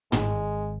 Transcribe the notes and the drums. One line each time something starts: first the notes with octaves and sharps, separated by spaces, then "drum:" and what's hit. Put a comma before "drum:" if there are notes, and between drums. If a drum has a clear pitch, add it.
G#1 G#3, drum: tom